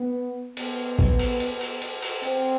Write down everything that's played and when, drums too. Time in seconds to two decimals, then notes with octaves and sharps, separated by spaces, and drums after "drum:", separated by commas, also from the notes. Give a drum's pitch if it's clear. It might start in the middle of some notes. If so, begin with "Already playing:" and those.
Already playing: B3
0.57 B3, drum: cymbal
0.99 drum: kick
1.19 drum: cymbal
1.40 drum: cymbal
1.61 drum: cymbal
1.82 drum: cymbal
2.02 drum: cymbal
2.23 C4, drum: cymbal